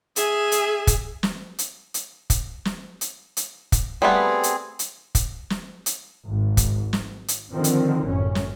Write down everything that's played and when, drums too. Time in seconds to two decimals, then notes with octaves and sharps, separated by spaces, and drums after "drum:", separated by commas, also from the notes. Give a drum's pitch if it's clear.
0.16 G#4 E5 G#5, drum: hi-hat
0.52 drum: hi-hat
0.87 drum: kick, hi-hat
1.23 drum: snare
1.59 drum: hi-hat
1.94 drum: hi-hat
2.30 drum: kick, hi-hat
2.65 drum: snare
3.01 drum: hi-hat
3.37 drum: hi-hat
3.72 drum: kick, hi-hat
4.02 G3 A3 B3 C4 G#4
4.43 drum: hi-hat
4.79 drum: hi-hat
5.15 drum: kick, hi-hat
5.50 drum: snare
5.86 drum: hi-hat
6.26 G#1
6.57 drum: kick, hi-hat
6.93 drum: snare
7.28 drum: hi-hat
7.52 D3 D#3 F3 C4
7.64 drum: hi-hat
8.05 G1 F#2 A2 C#4
8.35 drum: snare